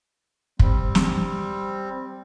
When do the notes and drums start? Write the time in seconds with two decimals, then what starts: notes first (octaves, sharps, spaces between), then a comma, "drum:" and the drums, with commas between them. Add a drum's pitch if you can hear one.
0.59 G3 C4, drum: kick
0.95 drum: snare